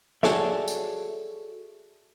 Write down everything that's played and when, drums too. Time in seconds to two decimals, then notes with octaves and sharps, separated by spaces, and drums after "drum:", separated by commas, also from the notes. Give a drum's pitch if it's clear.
0.23 F#4 G#4 A4 C#5 D5 E5, drum: snare
0.68 drum: tambourine